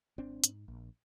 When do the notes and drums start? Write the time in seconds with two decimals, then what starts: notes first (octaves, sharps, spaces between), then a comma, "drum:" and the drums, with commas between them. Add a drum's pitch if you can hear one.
0.18 G#1 C4 D4
0.44 G#2, drum: hi-hat
0.68 A#1